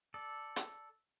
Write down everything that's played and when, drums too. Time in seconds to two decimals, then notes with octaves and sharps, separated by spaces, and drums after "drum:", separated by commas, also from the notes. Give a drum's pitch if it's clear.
0.14 A4 D5
0.56 drum: hi-hat